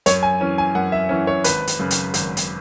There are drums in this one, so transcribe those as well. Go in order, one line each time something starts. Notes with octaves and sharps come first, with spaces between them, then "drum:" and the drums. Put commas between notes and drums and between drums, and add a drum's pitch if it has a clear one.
F#2 C#5, drum: hi-hat
G#5
E3 C#4
G#5
F#2 F#5
E5
E3 C#4
C#5
G#1 B4, drum: hi-hat
drum: hi-hat
F#2 C#3
drum: hi-hat
G#1, drum: hi-hat
drum: hi-hat